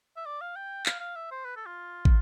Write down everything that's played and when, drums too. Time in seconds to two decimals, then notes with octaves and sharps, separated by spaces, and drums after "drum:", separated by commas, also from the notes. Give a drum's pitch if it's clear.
0.17 E5
0.26 D5
0.41 F5
0.56 G5
0.86 F5, drum: clap
1.00 F5
1.16 E5
1.31 C5
1.45 B4
1.56 A4
1.66 F4
2.05 drum: kick